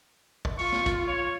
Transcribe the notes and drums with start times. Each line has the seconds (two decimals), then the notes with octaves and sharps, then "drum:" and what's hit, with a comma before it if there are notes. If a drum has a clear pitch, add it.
0.45 drum: kick
0.59 F4 C#6, drum: open hi-hat
0.72 drum: snare
0.86 drum: kick, hi-hat
1.08 C#5